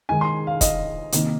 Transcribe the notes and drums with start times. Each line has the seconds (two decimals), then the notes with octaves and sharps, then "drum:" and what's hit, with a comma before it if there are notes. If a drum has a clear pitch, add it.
0.09 D#3 G#3 D#4 G#5
0.21 C6
0.47 F5
0.61 D#5, drum: kick, hi-hat
1.12 C3 D#3 A#3 D#4, drum: hi-hat